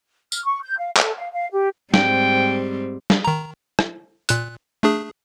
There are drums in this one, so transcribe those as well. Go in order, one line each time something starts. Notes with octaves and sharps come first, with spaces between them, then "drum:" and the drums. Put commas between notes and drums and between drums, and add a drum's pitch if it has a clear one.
F6, drum: tambourine
C#6
G6
F5
A4, drum: clap
F5
F5
G4
G#2 G3 C4 G5, drum: snare
drum: snare
D#3 A#5
drum: rim click
A#2 F#6, drum: hi-hat
A3 D4 G#4